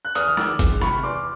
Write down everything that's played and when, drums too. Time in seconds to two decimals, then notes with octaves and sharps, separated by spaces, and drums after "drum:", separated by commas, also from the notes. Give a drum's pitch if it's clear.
0.05 F#6
0.15 E2 D#6 F6, drum: hi-hat
0.28 F6
0.37 D#3 D6 E6, drum: rim click
0.59 G#3, drum: kick G1, hi-hat
0.81 C3 B5 C#6, drum: rim click
1.03 E2 C6 D6